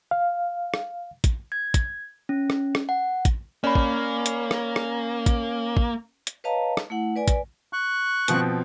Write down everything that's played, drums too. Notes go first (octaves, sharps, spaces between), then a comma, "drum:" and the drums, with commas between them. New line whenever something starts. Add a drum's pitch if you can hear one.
F5
drum: rim click
drum: kick, hi-hat
G#6
drum: kick, hi-hat
C#4
drum: rim click
drum: rim click
F#5
drum: kick, hi-hat
A#3 C#4 D5 B5
drum: kick
drum: hi-hat
drum: rim click
drum: rim click
drum: kick, hi-hat
drum: kick
drum: hi-hat
B4 C#5 D#5 F5 A5 A#5
drum: rim click
A3 E4 F#5
B4 D5 G#5
drum: kick, hi-hat
C#6 F#6
B2 F3 C4, drum: hi-hat